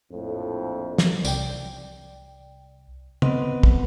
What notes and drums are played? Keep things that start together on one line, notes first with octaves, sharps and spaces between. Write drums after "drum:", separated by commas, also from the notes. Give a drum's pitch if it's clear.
A#1 F2 A2
drum: snare
C2 D5 G5, drum: tambourine
B3 C4 D#5, drum: tom C#3
drum: kick